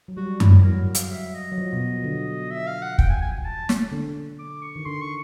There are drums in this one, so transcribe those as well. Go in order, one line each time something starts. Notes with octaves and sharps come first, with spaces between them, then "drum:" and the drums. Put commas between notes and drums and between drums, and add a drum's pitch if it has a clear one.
F#3
G3 F#4
F#3 E4, drum: tom F#2
F#3 A#4
F5, drum: hi-hat
E5
D#5
F#3
F3
B2
D3
E5
F5
F#5
G5, drum: kick
G#5
G#5
G#5
A5
drum: snare
D3
D6
C#6
D#3
D3 C6
C#6